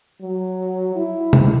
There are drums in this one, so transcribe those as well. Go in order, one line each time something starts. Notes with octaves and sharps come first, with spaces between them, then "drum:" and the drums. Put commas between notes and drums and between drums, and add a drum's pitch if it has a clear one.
F#3
E4
drum: tom C3